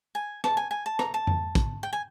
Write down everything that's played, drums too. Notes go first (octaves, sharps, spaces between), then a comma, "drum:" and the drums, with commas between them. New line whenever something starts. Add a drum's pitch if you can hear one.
G#5
A5, drum: rim click
G#5
G#5
A5
A#5, drum: rim click
A5
drum: tom F2
drum: kick, hi-hat
G5
G#5